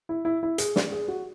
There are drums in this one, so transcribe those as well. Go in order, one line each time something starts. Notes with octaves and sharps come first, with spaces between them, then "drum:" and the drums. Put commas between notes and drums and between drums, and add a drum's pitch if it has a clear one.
E4
E4
E4
G#4, drum: hi-hat
D5, drum: snare
G#4
F#4